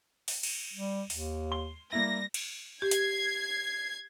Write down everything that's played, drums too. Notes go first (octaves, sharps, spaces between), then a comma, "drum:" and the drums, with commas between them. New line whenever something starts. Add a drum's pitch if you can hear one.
drum: open hi-hat
drum: cymbal
G3
D#2, drum: open hi-hat
C6 G7
G3 A#3 E4 A#6
drum: cymbal
G4 G#6 C7
drum: hi-hat